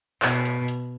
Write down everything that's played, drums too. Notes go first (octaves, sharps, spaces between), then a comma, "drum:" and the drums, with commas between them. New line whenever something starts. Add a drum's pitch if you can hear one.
B2, drum: clap
drum: hi-hat
drum: hi-hat